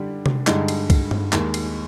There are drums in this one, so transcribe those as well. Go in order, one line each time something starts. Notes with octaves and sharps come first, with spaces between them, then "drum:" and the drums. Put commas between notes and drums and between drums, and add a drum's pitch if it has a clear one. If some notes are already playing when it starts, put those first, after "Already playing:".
Already playing: D3 G3 D4 G4
drum: tom C3
G2 D3 G#3 D#4 G4, drum: clap
drum: cymbal
drum: kick C2, cymbal
drum: tom G2
D#2 D#3 G#3, drum: clap
drum: cymbal